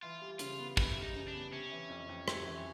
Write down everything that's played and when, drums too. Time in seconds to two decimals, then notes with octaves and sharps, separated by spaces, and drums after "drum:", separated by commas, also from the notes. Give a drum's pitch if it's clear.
0.03 E3 F4
0.22 G3
0.39 C#3 F4, drum: hi-hat
0.58 B3
0.77 E3 E4, drum: kick
0.96 G3
1.02 D#4
1.15 C#3
1.28 D4
1.34 B3
1.52 C3 C#4
1.71 E3
1.90 F2
2.09 F2
2.28 C3, drum: rim click
2.46 E3